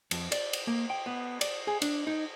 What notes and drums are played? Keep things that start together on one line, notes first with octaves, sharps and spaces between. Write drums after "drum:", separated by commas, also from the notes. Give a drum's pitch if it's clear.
F2, drum: cymbal
D5, drum: cymbal
drum: cymbal
A#3
G5
B3
D5, drum: cymbal
G#4
D4, drum: cymbal
D#4